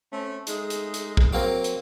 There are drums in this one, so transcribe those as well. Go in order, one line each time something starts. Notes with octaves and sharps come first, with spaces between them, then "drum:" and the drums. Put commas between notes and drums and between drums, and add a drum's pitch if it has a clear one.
A3 C4 C#4
G#3 A3 D#4 G#4, drum: hi-hat
drum: hi-hat
drum: hi-hat
drum: kick A#1
F#3 A#3 C4
drum: hi-hat